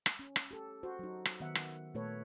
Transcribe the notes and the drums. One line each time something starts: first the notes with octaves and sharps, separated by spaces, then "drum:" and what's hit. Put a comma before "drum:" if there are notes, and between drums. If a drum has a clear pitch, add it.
drum: rim click
C#4
drum: rim click
G4 A4
F#4 C5
F#3 D#4
drum: rim click
D#3 B3 E5 F#5
drum: rim click
A#2 A3 A4 B4 C#5